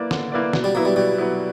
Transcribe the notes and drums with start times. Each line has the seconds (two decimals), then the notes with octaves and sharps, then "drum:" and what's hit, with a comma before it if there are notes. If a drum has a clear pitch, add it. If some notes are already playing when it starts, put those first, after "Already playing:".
Already playing: A#3 E4 B4 D5
0.11 D3, drum: snare
0.32 A#3 E4 B4 D5
0.53 B2, drum: snare
0.64 G3
0.75 F#3 A#3 B3 E4
0.85 G3
0.96 B2 G3
1.18 F#3 B3 E4